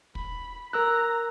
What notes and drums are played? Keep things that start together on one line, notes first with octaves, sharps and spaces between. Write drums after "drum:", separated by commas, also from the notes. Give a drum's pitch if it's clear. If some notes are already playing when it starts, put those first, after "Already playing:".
B5, drum: kick
A#4 A#5 E6 F#6